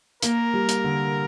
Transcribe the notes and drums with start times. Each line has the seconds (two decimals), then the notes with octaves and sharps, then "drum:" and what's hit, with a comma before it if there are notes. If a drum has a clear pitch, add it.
0.22 A#3 A#4, drum: hi-hat
0.54 G3
0.69 drum: hi-hat
0.84 D3